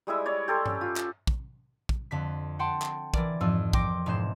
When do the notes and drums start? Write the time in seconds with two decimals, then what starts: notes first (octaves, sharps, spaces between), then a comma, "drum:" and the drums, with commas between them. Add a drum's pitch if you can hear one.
0.07 G3 G#3 E4 E5
0.26 C#5 D5
0.48 G4 A4 C6
0.66 C#4, drum: tom G2
0.81 F4
0.97 drum: clap
1.27 drum: kick
1.89 drum: kick
2.11 F2 D3 B6
2.59 F#5 G5 A5 C6
2.82 drum: clap
3.14 E3 A#4 D5, drum: kick
3.40 F2 G#2 F3 E6
3.73 G5 C6 D6 A#6, drum: kick
4.06 E1 G#2 G#3 C5 E7